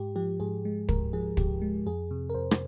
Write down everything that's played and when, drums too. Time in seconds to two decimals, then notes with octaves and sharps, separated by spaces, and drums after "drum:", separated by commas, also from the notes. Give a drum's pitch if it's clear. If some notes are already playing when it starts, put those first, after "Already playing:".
Already playing: G#2 G4
0.16 F3 G4
0.40 G#2 G#4
0.65 G#3
0.89 G#2 A#4, drum: kick
1.13 F3 G#4
1.37 G#2 G4, drum: kick
1.62 G#3
1.87 F2 G#4
2.11 C3
2.30 A#4
2.35 F2 C5
2.51 drum: rim click